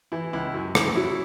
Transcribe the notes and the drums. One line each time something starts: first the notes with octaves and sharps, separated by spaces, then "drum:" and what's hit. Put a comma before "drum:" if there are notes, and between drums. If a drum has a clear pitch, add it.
E3 E4
C#2 E4
F#2
C#3, drum: rim click
F#3 E4